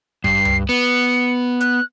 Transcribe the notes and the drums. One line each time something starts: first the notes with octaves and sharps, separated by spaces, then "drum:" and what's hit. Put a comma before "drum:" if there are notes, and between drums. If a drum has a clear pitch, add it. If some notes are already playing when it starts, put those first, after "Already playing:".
G2 C7, drum: kick
drum: tom C#2
B3 C#7
F#6, drum: hi-hat